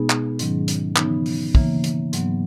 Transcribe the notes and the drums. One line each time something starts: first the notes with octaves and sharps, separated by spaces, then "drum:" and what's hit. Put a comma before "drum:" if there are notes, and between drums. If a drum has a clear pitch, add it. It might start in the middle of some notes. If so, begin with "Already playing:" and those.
Already playing: B2 G#3 B3 D#4 G#4
drum: clap
G#2 D#3 F#3 C#4, drum: hi-hat
drum: hi-hat
C#3 E3 B3 D#4, drum: clap
drum: open hi-hat
C#3 E3 A#3, drum: kick
drum: hi-hat
G#2 F#3 B3, drum: hi-hat